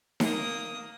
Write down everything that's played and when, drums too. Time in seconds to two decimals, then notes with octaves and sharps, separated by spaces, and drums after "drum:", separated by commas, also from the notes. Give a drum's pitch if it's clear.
0.20 A#3 D#6, drum: snare D#4